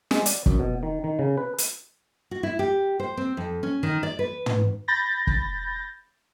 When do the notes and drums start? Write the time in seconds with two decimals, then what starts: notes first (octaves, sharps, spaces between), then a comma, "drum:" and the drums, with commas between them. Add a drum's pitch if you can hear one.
0.11 G#3, drum: snare
0.26 D5, drum: hi-hat
0.46 F#2, drum: kick
0.59 B2
0.83 D#3
1.04 D#3
1.19 C#3
1.37 B4
1.58 drum: hi-hat
2.31 F#4
2.43 E4
2.59 G4
3.00 C5
3.17 C4
3.37 F2
3.63 C#4
3.83 D#3
4.03 D5
4.19 B4
4.46 drum: tom
4.88 B5 G6 A6 A#6
5.27 drum: kick